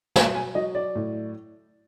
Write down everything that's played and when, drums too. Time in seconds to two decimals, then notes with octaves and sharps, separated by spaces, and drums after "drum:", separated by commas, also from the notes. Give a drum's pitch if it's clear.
0.16 F#3 G#5, drum: snare
0.35 G#5
0.55 F#3 D#5
0.75 D5
0.95 A2